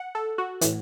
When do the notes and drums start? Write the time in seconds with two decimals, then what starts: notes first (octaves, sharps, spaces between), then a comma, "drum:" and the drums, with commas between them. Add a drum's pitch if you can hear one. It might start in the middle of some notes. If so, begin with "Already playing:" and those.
Already playing: F#5
0.15 A4
0.38 F#4
0.61 A2 E3, drum: hi-hat